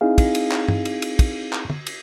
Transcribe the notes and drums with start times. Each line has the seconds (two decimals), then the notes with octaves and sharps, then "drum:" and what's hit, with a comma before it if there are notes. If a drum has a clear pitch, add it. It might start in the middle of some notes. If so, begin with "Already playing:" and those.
0.01 C4 D#4 E4 G#4 F5
0.18 drum: kick, cymbal
0.35 drum: cymbal
0.52 drum: clap
0.68 drum: tom G2
0.85 drum: cymbal
1.02 drum: cymbal
1.19 drum: kick, cymbal
1.53 drum: clap
1.70 drum: tom
1.87 drum: cymbal